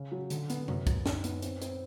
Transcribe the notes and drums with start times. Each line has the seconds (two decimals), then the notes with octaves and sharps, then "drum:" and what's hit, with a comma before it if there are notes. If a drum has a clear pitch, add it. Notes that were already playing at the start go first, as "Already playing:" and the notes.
Already playing: C#3
0.12 F#3
0.30 D3, drum: hi-hat
0.50 B3, drum: hi-hat
0.68 F#2, drum: tom C3
0.87 F#2, drum: kick, hi-hat
1.06 D#4, drum: snare
1.24 B3, drum: hi-hat
1.42 C4, drum: hi-hat
1.62 C4, drum: hi-hat